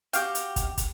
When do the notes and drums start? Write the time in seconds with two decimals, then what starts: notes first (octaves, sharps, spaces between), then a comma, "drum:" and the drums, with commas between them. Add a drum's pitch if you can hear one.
0.13 F#4 G4 F5 G5, drum: hi-hat
0.35 drum: hi-hat
0.56 drum: kick, hi-hat
0.78 drum: kick, hi-hat